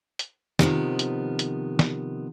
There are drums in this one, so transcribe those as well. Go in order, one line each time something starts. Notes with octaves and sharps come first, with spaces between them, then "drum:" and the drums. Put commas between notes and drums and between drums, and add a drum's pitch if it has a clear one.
drum: hi-hat
C3 D#3 F3 B3, drum: snare
drum: hi-hat
drum: hi-hat
drum: snare